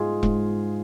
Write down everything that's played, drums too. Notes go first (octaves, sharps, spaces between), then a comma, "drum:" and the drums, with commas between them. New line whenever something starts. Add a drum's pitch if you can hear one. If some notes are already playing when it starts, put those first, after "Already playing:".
Already playing: G#2 G#3 F4 G#4
G#2, drum: kick E1